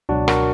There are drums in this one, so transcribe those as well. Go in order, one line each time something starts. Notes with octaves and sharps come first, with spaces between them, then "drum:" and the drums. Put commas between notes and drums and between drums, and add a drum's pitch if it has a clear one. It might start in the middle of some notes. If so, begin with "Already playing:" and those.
C#2 B2 F#3 D4 F#4
F#4 A#4, drum: rim click